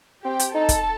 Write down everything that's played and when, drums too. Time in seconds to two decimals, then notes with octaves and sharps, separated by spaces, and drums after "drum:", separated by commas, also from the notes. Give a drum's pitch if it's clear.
0.24 C4 G4 G5
0.39 drum: hi-hat
0.54 D#4 A4 A5
0.69 drum: kick, hi-hat